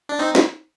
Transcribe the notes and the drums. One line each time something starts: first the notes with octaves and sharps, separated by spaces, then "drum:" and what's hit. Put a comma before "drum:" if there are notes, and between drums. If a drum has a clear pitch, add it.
D4
C4 D#4
drum: snare